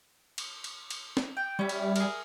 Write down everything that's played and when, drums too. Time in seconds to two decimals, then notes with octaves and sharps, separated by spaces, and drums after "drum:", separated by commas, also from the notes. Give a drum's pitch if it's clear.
0.38 drum: cymbal
0.64 drum: cymbal
0.90 drum: cymbal
1.17 drum: snare
1.37 G5
1.59 G3 C#4 E4
1.69 drum: cymbal
1.96 G#4 A#4, drum: cymbal